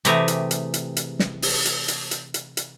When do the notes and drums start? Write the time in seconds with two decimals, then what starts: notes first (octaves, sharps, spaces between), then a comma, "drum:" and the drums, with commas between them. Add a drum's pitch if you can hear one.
0.05 C3 E3 A3 G4 G#4 A#5, drum: hi-hat
0.28 drum: hi-hat
0.51 drum: hi-hat
0.74 drum: hi-hat
0.97 drum: hi-hat
1.19 drum: snare
1.42 drum: open hi-hat
1.65 drum: hi-hat
1.88 drum: hi-hat
2.11 drum: hi-hat
2.34 drum: hi-hat
2.57 drum: hi-hat